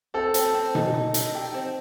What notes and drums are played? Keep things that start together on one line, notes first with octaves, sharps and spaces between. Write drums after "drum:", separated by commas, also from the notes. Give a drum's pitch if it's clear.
C4 A4
C4, drum: hi-hat
C4
D#4, drum: tom B2
D#4
D#4, drum: hi-hat
G4
C4